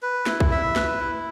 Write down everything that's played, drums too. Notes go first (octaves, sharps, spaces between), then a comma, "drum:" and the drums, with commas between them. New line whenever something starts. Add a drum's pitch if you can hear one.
B4
E4, drum: snare
drum: kick B1
E5
B4, drum: snare
E4